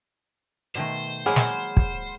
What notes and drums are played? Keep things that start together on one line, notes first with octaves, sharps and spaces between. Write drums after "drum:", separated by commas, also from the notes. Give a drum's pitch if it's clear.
B2 D#3 A3 C5
F#3 G#3 A#3 G#4 F#5 B5 F6
drum: snare
drum: kick